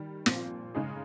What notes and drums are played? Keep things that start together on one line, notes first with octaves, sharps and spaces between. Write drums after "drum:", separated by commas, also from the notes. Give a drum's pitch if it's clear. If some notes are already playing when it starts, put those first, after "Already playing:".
Already playing: D#3 G3
A#2 F3 C4, drum: snare
C#3 G#3 D#4 G#4